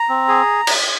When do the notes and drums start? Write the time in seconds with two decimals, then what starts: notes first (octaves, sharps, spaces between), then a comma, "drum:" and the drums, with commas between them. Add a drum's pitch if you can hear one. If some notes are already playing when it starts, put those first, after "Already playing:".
Already playing: A#5
0.09 C4
0.28 G#4
0.67 drum: cymbal